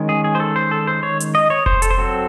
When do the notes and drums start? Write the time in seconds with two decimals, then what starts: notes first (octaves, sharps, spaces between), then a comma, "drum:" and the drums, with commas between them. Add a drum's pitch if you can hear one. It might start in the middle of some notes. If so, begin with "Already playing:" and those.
Already playing: D#3 G#3 C#4
0.09 G#4
0.24 G#4
0.35 C5
0.40 A4
0.56 C5
0.71 A4
0.87 C5
1.03 C#5
1.20 drum: hi-hat
1.35 D#5
1.50 C#5
1.66 C5, drum: kick F1
1.82 A4, drum: hi-hat
1.90 C5
1.98 F#3 C4 A4